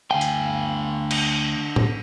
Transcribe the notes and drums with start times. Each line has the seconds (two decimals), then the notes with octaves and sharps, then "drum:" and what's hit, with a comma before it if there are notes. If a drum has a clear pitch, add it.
0.11 D2 D3 F5 G5 G#5
0.21 drum: hi-hat
1.11 drum: cymbal
1.76 drum: tom A2